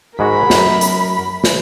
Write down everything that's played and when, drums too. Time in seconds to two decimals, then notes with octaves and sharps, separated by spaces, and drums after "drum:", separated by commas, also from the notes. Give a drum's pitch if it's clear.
0.19 G#2 G#3 F#4 A#4 B5
0.50 F#2, drum: snare
0.81 drum: hi-hat
1.44 drum: snare